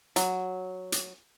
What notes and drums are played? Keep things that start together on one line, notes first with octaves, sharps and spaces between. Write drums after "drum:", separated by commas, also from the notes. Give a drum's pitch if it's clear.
F#3, drum: hi-hat
drum: hi-hat